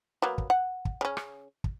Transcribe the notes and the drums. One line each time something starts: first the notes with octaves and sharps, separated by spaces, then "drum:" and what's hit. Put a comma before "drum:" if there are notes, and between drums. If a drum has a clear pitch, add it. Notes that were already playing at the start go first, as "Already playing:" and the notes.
F#3 A#3 B3
drum: kick
F#5
drum: kick
C#3 C#4
drum: rim click
drum: kick